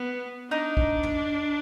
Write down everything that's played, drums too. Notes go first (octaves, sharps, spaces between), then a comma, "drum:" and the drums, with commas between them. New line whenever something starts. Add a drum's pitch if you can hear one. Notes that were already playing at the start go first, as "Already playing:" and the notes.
Already playing: B3
D4 D#4
drum: kick
drum: tom